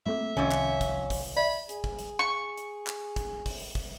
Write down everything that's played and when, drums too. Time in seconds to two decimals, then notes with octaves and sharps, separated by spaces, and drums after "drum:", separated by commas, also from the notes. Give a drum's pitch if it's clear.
0.06 A3 A#3 C4 F4 A4 E5 D6
0.37 C2 F2 D#3 C#4
0.51 drum: clap
0.81 drum: kick, hi-hat
1.10 drum: kick, open hi-hat
1.36 D5 E5 B5
1.69 G#4, drum: hi-hat
1.84 drum: kick
1.99 drum: hi-hat
2.19 C#6
2.57 drum: hi-hat
2.87 drum: clap
3.16 drum: kick, hi-hat
3.46 drum: kick, open hi-hat
3.75 drum: kick